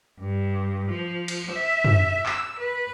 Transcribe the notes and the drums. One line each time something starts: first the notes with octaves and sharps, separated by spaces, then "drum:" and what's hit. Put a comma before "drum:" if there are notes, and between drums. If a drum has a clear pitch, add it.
G2
F3
drum: cymbal
E5
drum: tom F#2
E6, drum: clap
B4